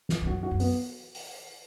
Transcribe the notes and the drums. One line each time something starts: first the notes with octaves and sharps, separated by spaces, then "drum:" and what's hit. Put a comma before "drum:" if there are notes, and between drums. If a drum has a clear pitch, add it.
drum: snare
E2
F#2 F#4
F#4
F#2
B3, drum: open hi-hat
drum: open hi-hat